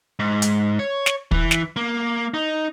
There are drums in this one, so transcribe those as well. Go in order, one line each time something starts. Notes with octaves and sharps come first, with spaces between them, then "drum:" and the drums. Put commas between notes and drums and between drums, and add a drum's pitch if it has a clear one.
G#2
drum: hi-hat
C#5
drum: snare
E3, drum: kick
drum: snare
A#3
D#4